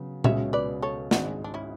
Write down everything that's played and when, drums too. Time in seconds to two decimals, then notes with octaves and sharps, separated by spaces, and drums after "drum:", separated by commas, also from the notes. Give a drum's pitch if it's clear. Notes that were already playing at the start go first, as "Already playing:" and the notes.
Already playing: C#3 F#3 B3
0.24 C#2 B2 G#3 C#4 F#4 C#5 E5, drum: tom A#2
0.53 B4 D5
0.82 A4 C#5
1.11 G#1 G#2 G#3 D4 F#4, drum: snare
1.44 D4
1.54 C#4 E4